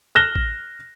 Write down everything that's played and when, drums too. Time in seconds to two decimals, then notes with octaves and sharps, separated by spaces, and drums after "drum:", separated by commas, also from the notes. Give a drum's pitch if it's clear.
0.15 F6 F#6 A#6 E7 G7
0.35 drum: kick